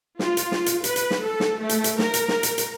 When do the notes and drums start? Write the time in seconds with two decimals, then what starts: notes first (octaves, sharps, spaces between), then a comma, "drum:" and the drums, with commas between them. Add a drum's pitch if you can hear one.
0.19 F4, drum: snare
0.37 drum: hi-hat
0.52 drum: snare
0.66 drum: hi-hat
0.84 B4, drum: hi-hat
0.96 drum: hi-hat
1.10 drum: snare
1.22 A4
1.40 drum: snare
1.59 A3
1.69 drum: hi-hat
1.84 drum: hi-hat
1.99 A#4, drum: snare
2.14 drum: hi-hat
2.28 drum: snare
2.43 drum: hi-hat
2.58 drum: hi-hat